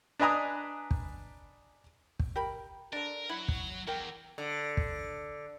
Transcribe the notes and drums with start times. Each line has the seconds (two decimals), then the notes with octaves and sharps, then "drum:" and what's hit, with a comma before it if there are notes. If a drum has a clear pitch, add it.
0.20 D4 B4 D#5 G#5 A#5 D#6
0.91 drum: kick
2.19 drum: kick
2.36 G4 A#4 B5
2.93 D3 D4 A#4
3.29 F#3 E4 F#5
3.48 drum: kick
3.87 E2 A#4 G5
4.38 D3
4.77 drum: kick